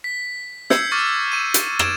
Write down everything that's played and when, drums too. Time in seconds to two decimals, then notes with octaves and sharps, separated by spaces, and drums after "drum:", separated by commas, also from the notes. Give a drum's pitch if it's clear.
0.04 B6
0.70 E6 G6 G#6 C7 C#7, drum: snare
0.92 C#6 D6 F6 A6
1.32 C#6 D#7
1.54 drum: hi-hat
1.79 G#6 A6 D7 E7, drum: rim click